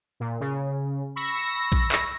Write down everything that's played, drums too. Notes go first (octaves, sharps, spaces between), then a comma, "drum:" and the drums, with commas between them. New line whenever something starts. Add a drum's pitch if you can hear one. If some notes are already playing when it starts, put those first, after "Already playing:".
A#2
C#3
B5 C#6 E6 A#6
drum: kick A#1
drum: clap